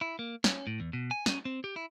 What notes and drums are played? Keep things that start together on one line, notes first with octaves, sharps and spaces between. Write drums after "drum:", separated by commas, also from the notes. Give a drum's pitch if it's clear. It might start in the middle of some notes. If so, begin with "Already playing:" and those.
E4
A#3
C#4, drum: snare
A2
E2
B2
G#5
C#4, drum: snare
C4
G4
E4